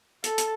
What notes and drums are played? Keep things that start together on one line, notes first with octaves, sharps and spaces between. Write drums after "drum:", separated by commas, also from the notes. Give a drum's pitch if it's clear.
A4, drum: hi-hat
drum: hi-hat